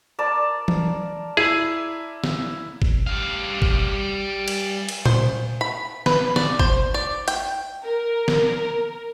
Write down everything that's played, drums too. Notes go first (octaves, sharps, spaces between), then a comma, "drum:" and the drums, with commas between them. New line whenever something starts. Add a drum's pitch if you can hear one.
A#4 D5 A5
drum: tom E3
E4 G#4
drum: snare
drum: kick G#1
G3 F5
drum: kick G#1
drum: cymbal
drum: cymbal
C5, drum: tom A#2
B5
B4, drum: snare
D5, drum: snare
C5, drum: kick G#1
D5
G5, drum: hi-hat
A#4
drum: snare